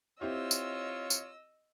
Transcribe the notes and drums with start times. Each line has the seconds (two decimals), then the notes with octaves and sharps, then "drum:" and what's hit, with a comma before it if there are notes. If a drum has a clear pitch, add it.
0.21 C4 E4 F4 G4 C#5 D#5 E6
0.51 drum: tambourine
1.10 drum: tambourine